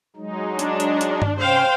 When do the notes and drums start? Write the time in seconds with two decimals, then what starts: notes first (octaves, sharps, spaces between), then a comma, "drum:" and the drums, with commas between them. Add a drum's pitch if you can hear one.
0.16 F#3 G#3 D#4
0.59 D4, drum: hi-hat
0.80 drum: hi-hat
1.01 drum: hi-hat
1.22 drum: tom G2
1.39 C3 C#4 C5 F5 G5